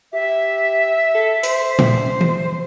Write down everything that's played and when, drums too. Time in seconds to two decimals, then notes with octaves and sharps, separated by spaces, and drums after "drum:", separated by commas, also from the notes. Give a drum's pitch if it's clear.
0.13 G4 E5
1.15 A4
1.43 C5, drum: hi-hat
1.79 drum: tom A#2
2.21 drum: tom E3